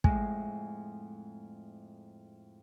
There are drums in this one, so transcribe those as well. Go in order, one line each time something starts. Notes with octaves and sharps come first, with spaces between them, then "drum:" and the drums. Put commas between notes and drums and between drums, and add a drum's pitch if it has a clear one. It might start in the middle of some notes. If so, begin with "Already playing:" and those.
F2 A2 G#3 G#5, drum: kick